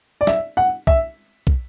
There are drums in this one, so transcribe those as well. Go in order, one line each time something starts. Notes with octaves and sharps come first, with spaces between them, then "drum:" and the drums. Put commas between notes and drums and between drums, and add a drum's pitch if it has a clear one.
D5
E5, drum: snare
F#5
E5, drum: kick
drum: kick